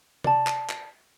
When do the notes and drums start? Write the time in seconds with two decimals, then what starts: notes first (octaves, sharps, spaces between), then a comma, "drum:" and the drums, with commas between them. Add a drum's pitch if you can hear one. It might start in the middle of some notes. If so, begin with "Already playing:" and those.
0.24 D5 A5, drum: tom C3
0.47 drum: clap
0.70 drum: clap